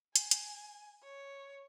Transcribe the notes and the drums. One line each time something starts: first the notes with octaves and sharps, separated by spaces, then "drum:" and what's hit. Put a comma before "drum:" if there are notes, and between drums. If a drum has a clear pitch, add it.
G#5, drum: hi-hat
drum: hi-hat
C#5